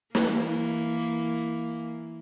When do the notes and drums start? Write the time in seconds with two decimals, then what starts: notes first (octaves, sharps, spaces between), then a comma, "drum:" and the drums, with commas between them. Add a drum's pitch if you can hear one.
0.15 E3 A#3, drum: snare